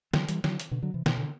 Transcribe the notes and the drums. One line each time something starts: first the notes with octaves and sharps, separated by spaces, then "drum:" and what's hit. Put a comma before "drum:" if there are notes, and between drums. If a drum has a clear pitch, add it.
D3 F#3, drum: snare
E3 G3, drum: hi-hat
D3 F#3, drum: snare
drum: hi-hat
B2 D3
D3 F#3
C3 E3
B2 D3, drum: snare
D3